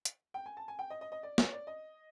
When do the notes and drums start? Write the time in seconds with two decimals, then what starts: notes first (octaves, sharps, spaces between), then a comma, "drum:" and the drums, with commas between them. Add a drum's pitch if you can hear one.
0.05 drum: hi-hat
0.34 G5
0.46 G#5
0.57 A5
0.68 G#5
0.79 G5
0.90 D#5
1.01 D#5
1.12 D#5
1.23 D5
1.38 C#5, drum: snare
1.53 D5
1.67 D#5